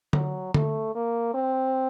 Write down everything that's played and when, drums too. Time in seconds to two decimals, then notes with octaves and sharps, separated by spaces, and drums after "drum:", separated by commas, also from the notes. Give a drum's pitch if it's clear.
0.13 F#3, drum: tom D3
0.54 A3, drum: tom D3
0.95 A#3
1.34 C4